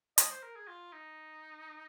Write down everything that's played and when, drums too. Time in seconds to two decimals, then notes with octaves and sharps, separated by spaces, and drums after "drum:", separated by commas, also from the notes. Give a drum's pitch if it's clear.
0.18 D#5, drum: hi-hat
0.30 C5
0.43 A#4
0.55 G#4
0.67 F4
0.92 D#4